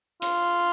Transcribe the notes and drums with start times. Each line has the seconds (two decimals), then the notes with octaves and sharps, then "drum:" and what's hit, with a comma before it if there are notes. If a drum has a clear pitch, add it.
0.22 F4, drum: hi-hat